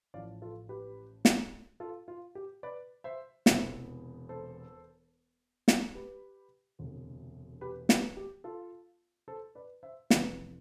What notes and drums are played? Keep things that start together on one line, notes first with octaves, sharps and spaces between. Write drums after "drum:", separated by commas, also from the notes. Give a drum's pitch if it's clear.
A1 A2 F3 D5 F5
F4 A4
G4 B4
drum: snare
F4 A4
F4
G4
B4 D5
C5 E5
E1 E2 C3 E3 B3 C5 E5, drum: snare
A4 C5
drum: snare
G4 B4
E1 D2 C3
G4 B4
G4 B4, drum: snare
G4
F4 A4
A4 C5
B4 D5
C5 E5
F2 C3 E3 B4 D5, drum: snare